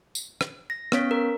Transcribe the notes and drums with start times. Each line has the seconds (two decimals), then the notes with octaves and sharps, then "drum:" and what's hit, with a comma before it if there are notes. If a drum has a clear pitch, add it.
0.15 drum: tambourine
0.41 drum: rim click
0.70 A#6
0.92 B3 C#4 C#5 B6, drum: rim click
1.11 A#4